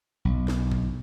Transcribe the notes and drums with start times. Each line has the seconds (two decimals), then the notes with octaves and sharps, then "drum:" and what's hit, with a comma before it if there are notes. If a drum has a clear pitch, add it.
0.25 B1
0.48 drum: snare
0.72 drum: kick